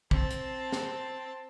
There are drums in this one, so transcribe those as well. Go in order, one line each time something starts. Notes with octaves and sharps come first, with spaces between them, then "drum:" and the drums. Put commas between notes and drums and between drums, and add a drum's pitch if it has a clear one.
C4 A5, drum: kick
drum: hi-hat
drum: snare